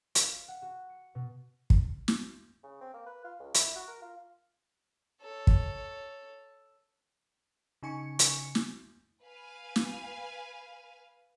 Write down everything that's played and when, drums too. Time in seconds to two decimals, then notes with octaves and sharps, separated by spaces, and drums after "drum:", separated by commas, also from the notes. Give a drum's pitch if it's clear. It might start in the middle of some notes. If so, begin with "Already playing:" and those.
0.15 F5, drum: hi-hat
0.48 F#5
0.62 F#4
0.90 C#7
1.15 B2
1.70 drum: kick
2.08 drum: snare
2.63 C#3
2.81 C4
2.94 A#3
3.06 B4
3.24 F4
3.39 C#2
3.54 E4, drum: hi-hat
3.76 F#4
3.88 A#4
4.02 F4
5.21 A4 C#5
5.47 drum: kick
7.83 C#3 D#4 G#5 C#6 C#7
8.19 drum: hi-hat
8.55 drum: snare
9.24 B4 F5 G#5
9.76 drum: snare